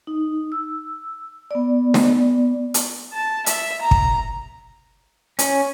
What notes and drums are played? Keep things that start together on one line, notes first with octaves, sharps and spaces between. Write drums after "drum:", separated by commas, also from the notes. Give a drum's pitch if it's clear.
D#4
E6
B3 D5
drum: snare
drum: hi-hat
A5
E5, drum: hi-hat
A#5
drum: kick
C#4, drum: hi-hat